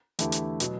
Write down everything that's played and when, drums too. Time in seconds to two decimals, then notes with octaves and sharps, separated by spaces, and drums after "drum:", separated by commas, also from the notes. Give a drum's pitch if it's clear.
0.19 E2 D3 A3 E4 G4, drum: hi-hat
0.32 drum: hi-hat
0.60 B2 F#3, drum: hi-hat